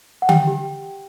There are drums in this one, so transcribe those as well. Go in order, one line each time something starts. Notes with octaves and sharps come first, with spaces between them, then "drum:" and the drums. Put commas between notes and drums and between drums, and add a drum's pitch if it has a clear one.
F#5
G4 G5, drum: tom D3
G4